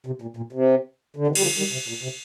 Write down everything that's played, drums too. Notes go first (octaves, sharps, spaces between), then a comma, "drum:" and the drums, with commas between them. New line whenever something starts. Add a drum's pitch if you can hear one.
C3
A#2
A#2
C3
D3
C3 D#3
G3, drum: cymbal
D3 F3
D#3 G3
C3
A#2
C3